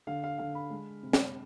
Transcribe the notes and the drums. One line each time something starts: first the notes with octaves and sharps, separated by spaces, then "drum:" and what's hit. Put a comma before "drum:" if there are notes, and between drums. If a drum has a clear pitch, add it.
D3 F5
F5
D3 F5
B5
G#3
C3
drum: snare